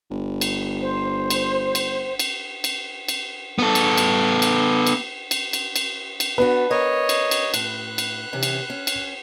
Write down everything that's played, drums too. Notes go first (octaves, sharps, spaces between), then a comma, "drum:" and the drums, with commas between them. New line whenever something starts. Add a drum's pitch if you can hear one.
G1
drum: cymbal
C5
drum: cymbal
drum: cymbal
drum: cymbal
drum: cymbal
drum: cymbal
B3 A4
drum: cymbal
drum: cymbal
drum: cymbal
drum: cymbal
drum: cymbal
drum: cymbal
drum: cymbal
drum: cymbal
B3 D4 F#4 B4
A#4 C#5 D#5
drum: cymbal
drum: cymbal
A2 F#6, drum: cymbal
drum: cymbal
C3 E3 C#4
drum: cymbal
C#4
drum: cymbal